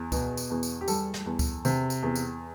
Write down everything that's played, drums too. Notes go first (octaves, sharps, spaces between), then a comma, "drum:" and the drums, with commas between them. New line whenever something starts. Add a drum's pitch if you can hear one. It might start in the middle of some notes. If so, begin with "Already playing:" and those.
Already playing: E2
B2, drum: kick C#2, tambourine
drum: tambourine
E2
drum: tambourine
G4
G3 A4, drum: tambourine
drum: snare
E2
drum: kick C#2, tambourine
C3, drum: tambourine
drum: tambourine
E2
drum: tambourine